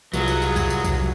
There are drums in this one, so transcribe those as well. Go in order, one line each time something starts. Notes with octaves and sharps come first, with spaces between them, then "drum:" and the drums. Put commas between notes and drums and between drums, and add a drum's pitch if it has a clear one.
C2 F#3 F4 G#4 B4, drum: tambourine
drum: tambourine
drum: tambourine
drum: kick C2, tambourine
drum: tambourine
drum: kick C2, tambourine